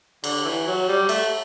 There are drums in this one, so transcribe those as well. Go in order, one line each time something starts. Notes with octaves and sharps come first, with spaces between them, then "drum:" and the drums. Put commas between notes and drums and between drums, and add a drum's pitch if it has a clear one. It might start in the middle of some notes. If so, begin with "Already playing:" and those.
D3, drum: cymbal
E3
F#3
G3
A3, drum: cymbal